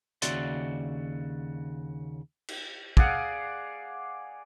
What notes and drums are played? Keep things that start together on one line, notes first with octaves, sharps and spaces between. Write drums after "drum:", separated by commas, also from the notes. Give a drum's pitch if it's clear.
D#2 C#3 F#4 D5 E5 C6, drum: hi-hat
drum: cymbal
G#4 D5 F5 F#5, drum: kick